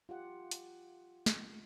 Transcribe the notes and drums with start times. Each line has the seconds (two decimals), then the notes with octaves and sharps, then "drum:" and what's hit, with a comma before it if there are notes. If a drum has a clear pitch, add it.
0.09 F4 G4 F#5
0.51 drum: hi-hat
1.26 drum: snare